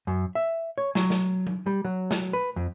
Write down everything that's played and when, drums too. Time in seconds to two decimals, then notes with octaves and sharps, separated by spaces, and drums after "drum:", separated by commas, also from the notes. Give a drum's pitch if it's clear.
0.07 F#2
0.35 E5
0.78 C#5
0.95 F#3, drum: snare
1.10 drum: snare
1.47 drum: tom F#3
1.66 G3
1.85 F#3
2.11 drum: snare
2.33 B4
2.56 F2